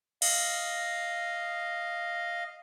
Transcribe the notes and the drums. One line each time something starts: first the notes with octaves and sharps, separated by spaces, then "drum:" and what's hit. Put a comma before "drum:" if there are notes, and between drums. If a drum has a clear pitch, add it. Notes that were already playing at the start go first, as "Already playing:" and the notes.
D#5 F5, drum: cymbal